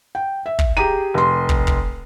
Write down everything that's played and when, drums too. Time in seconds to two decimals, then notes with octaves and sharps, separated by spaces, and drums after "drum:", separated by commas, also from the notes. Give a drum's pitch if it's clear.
0.15 G5
0.46 E5
0.59 drum: kick
0.77 G4 G#4 A#5 D#7
1.14 F1 C6
1.49 drum: kick
1.67 drum: kick